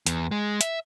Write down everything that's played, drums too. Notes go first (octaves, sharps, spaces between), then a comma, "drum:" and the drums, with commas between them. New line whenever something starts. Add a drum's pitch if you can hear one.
E2, drum: hi-hat
G#3
E5, drum: hi-hat